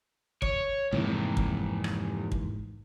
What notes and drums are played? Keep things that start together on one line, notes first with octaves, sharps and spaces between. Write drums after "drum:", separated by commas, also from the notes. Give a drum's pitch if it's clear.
C#5, drum: kick
F2 G#2 C3 E3 A#3
drum: kick
drum: rim click
drum: kick